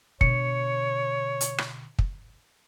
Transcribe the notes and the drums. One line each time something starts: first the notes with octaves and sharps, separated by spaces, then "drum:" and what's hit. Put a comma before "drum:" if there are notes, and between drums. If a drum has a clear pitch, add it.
B2 D3 C#5 C#7, drum: kick
drum: hi-hat
drum: rim click
drum: kick